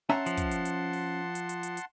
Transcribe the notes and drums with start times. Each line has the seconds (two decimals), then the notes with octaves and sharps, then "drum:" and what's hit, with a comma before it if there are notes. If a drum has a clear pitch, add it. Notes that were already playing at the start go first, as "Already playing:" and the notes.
0.09 C#4 E5 F#5 A5 A#5 C6
0.26 F3, drum: hi-hat
0.37 drum: kick, hi-hat
0.51 drum: hi-hat
0.65 drum: hi-hat
0.93 drum: open hi-hat
1.35 drum: hi-hat
1.49 drum: hi-hat
1.63 drum: hi-hat
1.77 drum: hi-hat